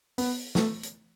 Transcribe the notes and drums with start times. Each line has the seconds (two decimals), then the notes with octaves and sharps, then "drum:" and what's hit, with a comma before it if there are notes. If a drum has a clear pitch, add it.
0.18 B3, drum: open hi-hat
0.55 A3, drum: snare
0.83 drum: hi-hat